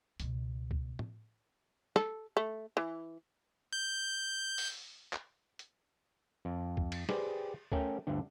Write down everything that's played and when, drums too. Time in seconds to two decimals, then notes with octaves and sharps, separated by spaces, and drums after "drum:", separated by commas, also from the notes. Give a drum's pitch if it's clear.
0.20 C#2 B2, drum: hi-hat
0.71 drum: kick C#2
0.99 drum: tom
1.96 A4, drum: snare
2.37 A3
2.77 E3
3.73 G6
4.58 drum: open hi-hat
5.13 drum: clap
5.59 drum: hi-hat
6.45 F2
6.77 drum: kick C#2
6.92 drum: cymbal
7.09 G4 G#4 B4 C5 D5 G5, drum: snare
7.72 A3 C#4 A#4 G5, drum: kick C#2
8.07 D2 G2 D3